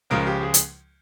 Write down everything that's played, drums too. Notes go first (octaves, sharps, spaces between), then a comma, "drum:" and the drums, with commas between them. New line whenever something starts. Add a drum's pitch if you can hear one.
C#2 C#3 F3 G#3 A#4
G4
G#4
drum: hi-hat